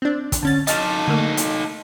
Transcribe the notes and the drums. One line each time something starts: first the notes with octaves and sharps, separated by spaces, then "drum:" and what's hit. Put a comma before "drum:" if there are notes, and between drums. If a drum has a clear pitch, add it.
C4 D4
drum: kick, hi-hat
D3 C#4 A6
D#4 A4 F6 A6, drum: hi-hat
D3 A3 A#3
drum: hi-hat